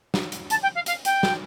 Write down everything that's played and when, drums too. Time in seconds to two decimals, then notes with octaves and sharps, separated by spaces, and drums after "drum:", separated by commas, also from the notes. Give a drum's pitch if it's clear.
0.14 drum: snare
0.32 drum: hi-hat
0.50 A5, drum: hi-hat
0.62 G5
0.75 F5
0.86 F5, drum: hi-hat
1.05 G5, drum: hi-hat
1.23 drum: snare